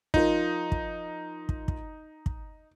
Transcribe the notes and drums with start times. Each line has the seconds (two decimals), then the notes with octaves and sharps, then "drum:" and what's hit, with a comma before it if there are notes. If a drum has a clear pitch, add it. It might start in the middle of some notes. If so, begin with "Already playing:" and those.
0.14 F3 D#4 F4 A#4, drum: kick
0.72 drum: kick
1.49 drum: kick
1.68 drum: kick
2.26 drum: kick